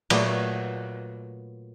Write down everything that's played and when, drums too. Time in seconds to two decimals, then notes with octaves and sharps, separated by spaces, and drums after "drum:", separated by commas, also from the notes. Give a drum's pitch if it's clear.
0.10 A#2 F#3 A3 B3, drum: cymbal